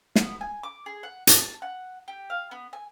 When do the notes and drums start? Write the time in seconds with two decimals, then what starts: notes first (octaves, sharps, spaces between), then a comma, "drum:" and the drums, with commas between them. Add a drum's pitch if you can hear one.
0.16 B3, drum: snare
0.41 G#5
0.63 D6
0.86 G#4
1.03 F#5
1.27 A5, drum: hi-hat
1.62 F#5
2.08 G4
2.30 F5
2.51 B3
2.73 G#5